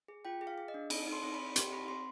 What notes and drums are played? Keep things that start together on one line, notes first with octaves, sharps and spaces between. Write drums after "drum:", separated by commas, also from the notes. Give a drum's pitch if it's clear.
G#4
F4 G5
G#4
F5
G#4
D#5
D4
C4 B5, drum: cymbal
D#4
C6
C4
B5
C4
B5
G4 C6, drum: hi-hat
C4 B5
C4 C6